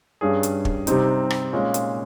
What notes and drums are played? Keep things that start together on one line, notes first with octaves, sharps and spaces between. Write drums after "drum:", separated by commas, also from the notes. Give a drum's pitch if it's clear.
G2 G3 C#4 G#4
drum: hi-hat
drum: kick
C3 G3 C4 D#4, drum: hi-hat
drum: rim click
A#2 G#3 C#4 F4
drum: hi-hat